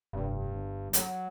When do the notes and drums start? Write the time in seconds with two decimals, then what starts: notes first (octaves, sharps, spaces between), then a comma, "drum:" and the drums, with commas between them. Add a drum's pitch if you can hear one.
0.13 F1 G2
0.53 G1
0.93 F#3, drum: hi-hat